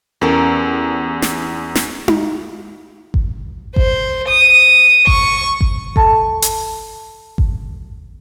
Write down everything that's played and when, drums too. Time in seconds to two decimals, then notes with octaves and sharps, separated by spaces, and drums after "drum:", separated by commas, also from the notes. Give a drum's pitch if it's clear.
0.21 E2 C#4 G4 A4 A#4
1.22 drum: snare
1.75 drum: snare
2.08 drum: tom D#4
3.14 drum: kick G#1
3.76 C5, drum: kick G#1
4.29 D#6
5.07 C#6, drum: kick G#1
5.61 drum: kick G#1
5.96 A4 A5, drum: kick G#1
6.42 drum: hi-hat
7.38 drum: kick G#1